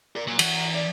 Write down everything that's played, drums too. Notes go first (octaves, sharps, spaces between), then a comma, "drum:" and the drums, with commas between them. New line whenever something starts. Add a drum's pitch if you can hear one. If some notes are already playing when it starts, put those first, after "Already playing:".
A#4 D5
A#2 F#4 C#5
E3 F#4 A#5, drum: cymbal
D5